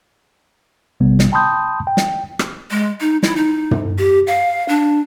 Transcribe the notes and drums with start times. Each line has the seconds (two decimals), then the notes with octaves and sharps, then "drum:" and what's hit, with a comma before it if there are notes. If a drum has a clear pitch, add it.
1.00 A#1 C3 G3 B3
1.19 drum: snare
1.32 G5 A5 B5 C6 D#6 G6
1.87 G5
1.97 drum: snare
2.39 drum: rim click
2.71 G#3
3.01 D#4
3.23 E4, drum: snare
3.36 D#4
3.71 drum: tom
3.98 G4
4.27 F5
4.69 D4